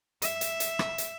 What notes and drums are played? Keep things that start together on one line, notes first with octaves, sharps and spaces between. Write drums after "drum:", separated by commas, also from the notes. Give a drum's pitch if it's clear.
E5, drum: hi-hat
drum: hi-hat
drum: hi-hat
drum: rim click
drum: hi-hat